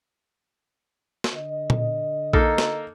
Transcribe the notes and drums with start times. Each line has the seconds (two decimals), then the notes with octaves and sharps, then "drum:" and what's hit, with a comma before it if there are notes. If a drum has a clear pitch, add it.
1.24 drum: snare
1.33 D3 D#5
1.70 drum: tom A#2
2.33 A#3 D#4 A4, drum: kick A#1
2.58 drum: snare